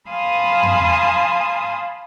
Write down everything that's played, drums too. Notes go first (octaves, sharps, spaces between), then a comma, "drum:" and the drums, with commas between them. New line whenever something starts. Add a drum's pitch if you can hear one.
F5 G#5 A5 B5 C6 D#6
drum: tom